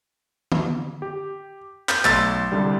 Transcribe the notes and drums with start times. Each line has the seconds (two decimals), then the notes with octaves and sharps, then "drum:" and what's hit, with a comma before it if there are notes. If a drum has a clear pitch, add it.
0.52 drum: tom D#3
1.02 G4
1.89 G6, drum: clap
2.05 B1 A3 C6 E6 A6, drum: clap
2.52 C2 D3 G3